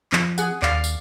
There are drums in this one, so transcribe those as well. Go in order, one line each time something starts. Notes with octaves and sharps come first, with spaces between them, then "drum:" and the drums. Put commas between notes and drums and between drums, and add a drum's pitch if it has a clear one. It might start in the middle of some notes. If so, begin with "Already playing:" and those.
F3 C4, drum: clap
G#4 F#5, drum: tambourine
D#2 D5 F5, drum: clap
drum: tambourine